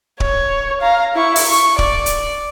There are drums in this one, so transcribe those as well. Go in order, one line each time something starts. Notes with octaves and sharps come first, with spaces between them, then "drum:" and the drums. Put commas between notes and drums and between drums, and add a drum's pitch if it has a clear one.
C#5, drum: kick D1
F5 A#5
E4 C#6
drum: open hi-hat
C#6
D5, drum: kick D1
drum: hi-hat